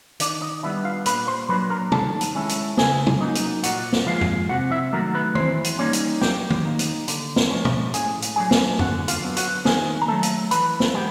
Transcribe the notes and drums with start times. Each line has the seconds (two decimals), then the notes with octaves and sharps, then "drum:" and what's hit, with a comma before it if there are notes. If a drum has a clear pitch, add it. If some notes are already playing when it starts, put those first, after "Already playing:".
0.20 D#3 D4 D5, drum: hi-hat
0.41 D#4 D#5
0.63 G3 B3 D4 E4 E5
0.84 F4 F5
1.06 A#2 B4 B5, drum: hi-hat
1.27 C5 C6
1.49 F#3 A#3 D4 B4 B5
1.70 A#4 A#5
1.92 D#3 A4 A5, drum: tom
2.21 drum: hi-hat
2.35 G#3 C#4 E4
2.49 drum: hi-hat
2.77 C#3 G#4 G#5, drum: snare
3.07 drum: tom
3.21 F#3 A#3 D#4
3.35 drum: hi-hat
3.63 A#2 F#4 F#5, drum: hi-hat
3.93 drum: snare
4.06 F3 G#3 F4 F5
4.21 drum: tom F#2
4.49 C3 F#4 F#5
4.71 E4 E5
4.93 D#3 F#3 A3 A#3 A#4
5.14 B3 B4
5.35 E3 C4 C5, drum: tom
5.64 drum: hi-hat
5.79 G3 A#3 C#4 D#4 C#5
5.93 drum: hi-hat
6.22 F#3 G4 G5, drum: snare
6.50 drum: tom
6.65 A#3 D#4
6.79 drum: hi-hat
7.08 D3, drum: hi-hat
7.36 drum: snare
7.51 F3 G#3 C#4
7.65 drum: tom
7.94 A2 G#4 G#5, drum: hi-hat
8.22 drum: hi-hat
8.36 F#3 A3 D4 G#4 G#5
8.51 drum: snare
8.79 D3 F#4 F#5, drum: tom F#2
9.08 F4 F5, drum: hi-hat
9.23 F#3 B3
9.37 F#4 F#5, drum: hi-hat
9.65 D#3 G#4 G#5, drum: snare
10.02 A#5
10.08 F#3 A3 A4 A5
10.23 drum: hi-hat
10.51 E3 B4 B5, drum: hi-hat
10.80 drum: snare
10.94 G#3 B3 G4 G5